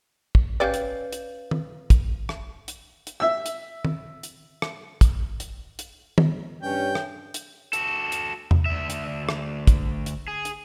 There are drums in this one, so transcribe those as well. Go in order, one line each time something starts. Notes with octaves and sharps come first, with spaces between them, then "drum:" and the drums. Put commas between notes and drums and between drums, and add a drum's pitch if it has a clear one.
drum: kick
C#4 G4 B4 D5 F5 G6
drum: hi-hat
drum: hi-hat
drum: tom
drum: kick, hi-hat
drum: rim click
drum: hi-hat
drum: hi-hat
E5 E6
drum: hi-hat
drum: tom
drum: hi-hat
drum: rim click
drum: kick, hi-hat
drum: hi-hat
drum: hi-hat
drum: tom
G2 C#4 G5
drum: rim click
drum: hi-hat
F#4 A4, drum: hi-hat
drum: hi-hat
drum: tom E2
D2 E5
drum: hi-hat
drum: rim click
drum: kick, hi-hat
drum: hi-hat
G#4
drum: hi-hat